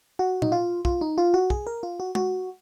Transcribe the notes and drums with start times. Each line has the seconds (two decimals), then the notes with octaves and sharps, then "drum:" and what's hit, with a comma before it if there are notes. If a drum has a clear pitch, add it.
0.19 F#4
0.42 D#4, drum: tom A#2
0.52 F4
0.85 F4, drum: kick
1.01 D#4
1.18 F4
1.34 F#4
1.50 G#4, drum: kick
1.67 A#4
1.83 F4
2.00 F#4
2.15 F#4, drum: tom